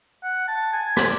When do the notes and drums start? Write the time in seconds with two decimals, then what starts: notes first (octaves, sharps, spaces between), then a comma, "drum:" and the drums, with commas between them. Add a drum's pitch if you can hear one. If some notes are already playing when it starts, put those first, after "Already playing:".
0.23 F#5
0.48 A5
0.73 G#5
0.97 D5, drum: rim click